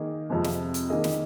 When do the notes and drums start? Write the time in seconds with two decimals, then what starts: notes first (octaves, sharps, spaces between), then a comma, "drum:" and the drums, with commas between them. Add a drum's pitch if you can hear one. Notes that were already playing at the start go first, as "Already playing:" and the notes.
Already playing: D#3 A#3 G#4 D#5
0.30 F2 C3 F3 G#3
0.44 drum: snare
0.74 drum: hi-hat
0.90 D#3 A#3 G#4 D#5
1.04 drum: snare